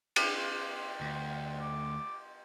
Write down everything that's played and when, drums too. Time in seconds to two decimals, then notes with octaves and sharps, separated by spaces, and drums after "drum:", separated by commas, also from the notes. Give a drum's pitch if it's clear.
0.16 G4, drum: cymbal
1.01 D2
1.62 D6